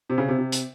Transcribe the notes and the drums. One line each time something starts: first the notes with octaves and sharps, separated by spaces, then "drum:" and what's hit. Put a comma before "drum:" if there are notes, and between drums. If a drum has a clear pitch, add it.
C3
C#3
C3
C3
drum: hi-hat